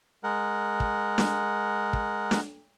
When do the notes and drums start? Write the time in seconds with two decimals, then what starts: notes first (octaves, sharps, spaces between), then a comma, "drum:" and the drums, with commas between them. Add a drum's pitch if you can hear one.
0.24 G#3 A#4 F#5
0.80 drum: kick
1.18 drum: snare
1.93 drum: kick
2.31 drum: snare